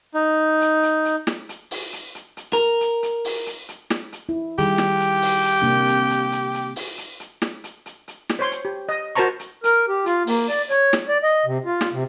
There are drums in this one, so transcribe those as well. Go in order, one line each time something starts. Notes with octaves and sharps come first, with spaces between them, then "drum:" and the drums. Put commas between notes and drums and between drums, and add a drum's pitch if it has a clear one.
D#4
drum: hi-hat
drum: hi-hat
drum: hi-hat
drum: snare
drum: hi-hat
drum: open hi-hat
drum: hi-hat
drum: hi-hat
drum: hi-hat
A#4
drum: hi-hat
drum: hi-hat
drum: open hi-hat
drum: hi-hat
drum: hi-hat
drum: snare
drum: hi-hat
E4
D#3 G3 G4 G#4, drum: hi-hat
drum: snare
drum: hi-hat
drum: open hi-hat
drum: hi-hat
C3 A#3 D4
drum: hi-hat
drum: hi-hat
drum: hi-hat
drum: hi-hat
drum: open hi-hat
drum: hi-hat
drum: hi-hat
drum: snare
drum: hi-hat
drum: hi-hat
drum: hi-hat
drum: snare
C5 C#5 C6
drum: hi-hat
G4
D#5
F#4 A#4 C5 A5 A#5 C#6, drum: hi-hat
drum: hi-hat
A#4, drum: hi-hat
G4
F4, drum: hi-hat
A#3, drum: open hi-hat
D5, drum: hi-hat
C#5, drum: hi-hat
drum: snare
D5
D#5
C3
F4
drum: snare
C3